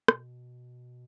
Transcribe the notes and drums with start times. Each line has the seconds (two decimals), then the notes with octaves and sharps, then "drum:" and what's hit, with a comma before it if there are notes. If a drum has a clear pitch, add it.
0.08 B2, drum: rim click